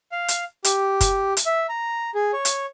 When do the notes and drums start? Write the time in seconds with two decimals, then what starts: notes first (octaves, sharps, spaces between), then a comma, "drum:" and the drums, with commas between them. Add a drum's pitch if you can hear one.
0.12 F5
0.28 drum: hi-hat
0.64 G4, drum: hi-hat
1.01 drum: kick, hi-hat
1.37 drum: hi-hat
1.46 E5
1.69 A#5
2.14 G#4
2.33 C#5
2.45 drum: hi-hat